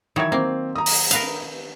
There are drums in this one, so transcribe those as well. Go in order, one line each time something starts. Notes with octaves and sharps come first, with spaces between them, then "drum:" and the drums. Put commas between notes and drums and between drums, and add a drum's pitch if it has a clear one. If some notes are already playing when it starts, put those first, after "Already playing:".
D#3 E3 F#3 E5 G#6
A#3 C4
A#5 D#6
drum: open hi-hat
A#4 B4 F5, drum: hi-hat